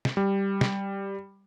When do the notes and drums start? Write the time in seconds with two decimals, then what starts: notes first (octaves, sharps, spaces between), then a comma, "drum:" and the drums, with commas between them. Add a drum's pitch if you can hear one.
0.05 drum: snare
0.17 G3
0.61 drum: snare